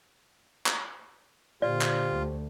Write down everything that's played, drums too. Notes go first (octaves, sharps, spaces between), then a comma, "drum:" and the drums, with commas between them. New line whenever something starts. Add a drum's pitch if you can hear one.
drum: clap
A#2 D3 F4 G4 C5 D5
drum: clap
D2 A3